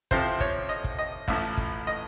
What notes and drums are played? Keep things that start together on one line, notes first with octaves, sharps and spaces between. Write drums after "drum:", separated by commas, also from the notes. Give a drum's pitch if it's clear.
F2 C3 F3 C5, drum: kick
C#5, drum: kick
D#5
drum: kick
D#5
A1 A2 F3 E5, drum: kick
drum: kick
D#5